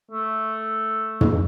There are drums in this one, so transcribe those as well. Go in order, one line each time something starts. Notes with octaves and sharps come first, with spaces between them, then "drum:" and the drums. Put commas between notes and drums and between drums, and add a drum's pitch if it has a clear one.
A3
drum: tom